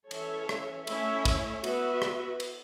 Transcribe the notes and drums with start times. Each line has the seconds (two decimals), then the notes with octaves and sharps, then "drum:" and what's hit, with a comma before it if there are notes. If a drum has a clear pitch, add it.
0.11 E3 C#4 A4 C#5 E5, drum: cymbal
0.49 drum: rim click
0.87 A3 C#4 E4 C#5 E5, drum: cymbal
1.25 drum: kick, cymbal
1.64 B3 F#4 B4 E5, drum: cymbal
2.02 drum: rim click
2.40 drum: cymbal